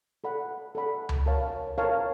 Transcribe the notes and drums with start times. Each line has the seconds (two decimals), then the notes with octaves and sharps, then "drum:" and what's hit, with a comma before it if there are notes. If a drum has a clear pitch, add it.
0.24 A4 D5 F#5 B5
0.75 A4 D5 F#5 B5
1.09 drum: tom C#2
1.26 A#4 C#5 F5 A5
1.78 A#4 C#5 F5 A5